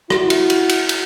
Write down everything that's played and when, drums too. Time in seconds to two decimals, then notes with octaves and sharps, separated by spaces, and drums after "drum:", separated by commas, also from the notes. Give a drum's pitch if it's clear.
0.10 E4 F#4, drum: rim click
0.30 drum: cymbal
0.50 drum: cymbal
0.69 drum: cymbal
0.89 drum: cymbal